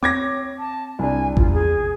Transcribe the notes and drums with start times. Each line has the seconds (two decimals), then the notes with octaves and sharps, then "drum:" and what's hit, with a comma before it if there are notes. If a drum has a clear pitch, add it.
0.03 C4 C#5 D6 G#6 A#6
0.59 A5
0.99 C2 D4 G#5
1.37 E2 F4, drum: kick G#1
1.53 G#4